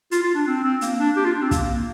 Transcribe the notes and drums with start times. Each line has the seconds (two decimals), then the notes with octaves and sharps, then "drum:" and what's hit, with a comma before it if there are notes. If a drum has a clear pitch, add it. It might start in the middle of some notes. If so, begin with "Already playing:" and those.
0.11 F4, drum: hi-hat
0.23 F4
0.35 D4
0.47 C4
0.63 C4
0.81 A#3, drum: hi-hat
0.99 D4
1.16 G4
1.25 F4
1.34 D4
1.42 C4
1.51 A#3, drum: kick, hi-hat